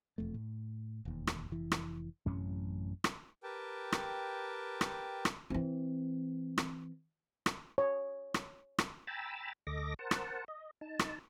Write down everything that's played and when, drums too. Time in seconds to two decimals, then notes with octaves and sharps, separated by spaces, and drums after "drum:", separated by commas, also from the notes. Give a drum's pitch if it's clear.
0.18 E1 F2 A3
0.34 A2
1.05 E1 D#2
1.27 drum: rim click
1.50 F1 E3
1.72 drum: rim click
2.26 A1 F#2 C3 C#4
3.04 drum: rim click
3.43 G4 A#4 B4 G5 A5
3.92 drum: rim click
4.81 drum: rim click
5.25 drum: rim click
5.50 E3 C4
6.58 drum: rim click
7.46 drum: rim click
7.78 C#5
8.34 drum: rim click
8.78 drum: rim click
9.07 G5 G#5 A#5 B5 E6 A6
9.67 D2 A4 D#5 D6 A#6
9.99 A#4 C5 F#5 A5
10.11 drum: rim click
10.48 D#5
10.81 D#4 A5
10.99 drum: rim click